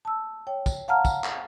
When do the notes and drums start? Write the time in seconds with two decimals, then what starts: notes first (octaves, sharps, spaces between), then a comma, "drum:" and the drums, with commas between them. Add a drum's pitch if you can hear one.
0.05 A5 E6
0.47 C#5 G5
0.66 drum: kick, tambourine
0.88 F5 F#5 A5 A#5 F6
1.05 drum: kick, tambourine
1.24 drum: clap